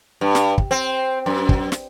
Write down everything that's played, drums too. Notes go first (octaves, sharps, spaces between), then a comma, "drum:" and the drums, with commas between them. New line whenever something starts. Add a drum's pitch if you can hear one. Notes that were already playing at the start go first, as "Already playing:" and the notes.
G2
drum: snare
drum: kick
C4
F#2
drum: kick
drum: snare